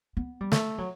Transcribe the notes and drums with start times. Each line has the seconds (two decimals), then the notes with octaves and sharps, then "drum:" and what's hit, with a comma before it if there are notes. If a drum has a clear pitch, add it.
0.17 B3
0.41 G3
0.52 A3, drum: snare
0.78 F#3